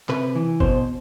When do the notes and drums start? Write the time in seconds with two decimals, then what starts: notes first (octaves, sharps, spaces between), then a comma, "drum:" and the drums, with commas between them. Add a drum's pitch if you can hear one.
0.09 C3 B4, drum: clap
0.35 E3
0.60 B2 C5, drum: kick G1